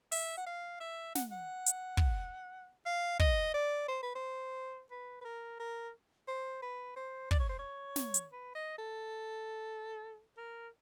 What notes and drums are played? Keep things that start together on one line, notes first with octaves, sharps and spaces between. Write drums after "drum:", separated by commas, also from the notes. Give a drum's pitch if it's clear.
E5, drum: open hi-hat
F#5
F5
E5
F#5, drum: snare
F#5
drum: hi-hat
drum: kick
F5
D#5, drum: kick
D5
C5
B4
C5
B4
B4
A#4
A#4
C5
B4
C5
D5, drum: kick
C#5
C5
C#5
drum: snare
drum: hi-hat
B4
D#5
A4
A#4